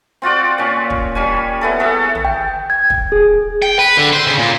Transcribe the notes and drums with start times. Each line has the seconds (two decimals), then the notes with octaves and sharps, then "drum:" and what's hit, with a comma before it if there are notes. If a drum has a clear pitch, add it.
0.22 C4 F4 F#4 D5
0.58 A#2 C#4
0.90 drum: kick
1.15 G3 C#4 G#5
1.61 B3 E4 A4
1.80 G#4 A4 E5 F#5
2.15 drum: tom
2.25 G5
2.70 G#6
2.90 drum: kick
3.12 G#4
3.62 G5
3.79 B4
3.97 D3
4.13 C5
4.27 C#3
4.39 A#2